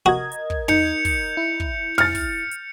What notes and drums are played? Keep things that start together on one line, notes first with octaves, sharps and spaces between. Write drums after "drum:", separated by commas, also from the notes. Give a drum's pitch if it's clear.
F#4 A#4 D#5 G#6
drum: hi-hat
drum: kick
D#4 G6 C#7 F7, drum: tom
drum: kick, open hi-hat
E4
drum: kick
F6 A6 C#7, drum: tom
drum: kick, open hi-hat
drum: hi-hat